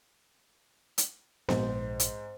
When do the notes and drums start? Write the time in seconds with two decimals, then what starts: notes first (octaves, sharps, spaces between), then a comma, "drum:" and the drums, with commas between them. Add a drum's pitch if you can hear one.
0.98 drum: hi-hat
1.49 A#1 G#2 C5, drum: snare B3
2.00 drum: hi-hat